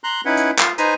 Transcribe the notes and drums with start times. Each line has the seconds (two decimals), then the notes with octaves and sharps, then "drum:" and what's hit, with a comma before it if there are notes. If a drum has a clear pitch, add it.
0.04 A#5 C6 F#6
0.25 C#4 D#4 E4 B4 F#5
0.37 drum: hi-hat
0.59 F4 F5, drum: clap
0.78 D#4 B4 C5 G#5 A#5, drum: hi-hat